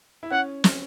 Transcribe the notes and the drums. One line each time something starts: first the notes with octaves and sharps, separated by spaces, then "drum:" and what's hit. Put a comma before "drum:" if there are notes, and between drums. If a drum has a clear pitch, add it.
E4
C#4 F#5
C#4, drum: snare